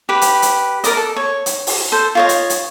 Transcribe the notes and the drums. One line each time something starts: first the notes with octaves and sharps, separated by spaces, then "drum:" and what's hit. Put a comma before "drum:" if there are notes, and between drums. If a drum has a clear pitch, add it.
G4 B4
drum: hi-hat
drum: hi-hat
A#4 D5 D#5, drum: hi-hat
A4
C#5
drum: hi-hat
drum: open hi-hat
A4 C5
F4 C#5 D#5
drum: hi-hat
drum: hi-hat